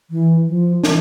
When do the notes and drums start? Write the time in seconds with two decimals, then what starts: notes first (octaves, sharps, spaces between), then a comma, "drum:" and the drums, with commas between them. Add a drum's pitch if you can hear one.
0.10 E3
0.47 F3
0.84 E3, drum: snare